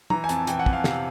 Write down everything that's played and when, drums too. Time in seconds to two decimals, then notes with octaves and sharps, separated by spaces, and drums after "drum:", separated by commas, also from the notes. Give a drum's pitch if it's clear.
0.10 E3 A#5, drum: tom
0.24 G#5
0.29 F2 A5, drum: hi-hat
0.47 E3 G5, drum: hi-hat
0.59 F#5
0.66 F2, drum: kick
0.73 F5
0.84 C3 F5, drum: snare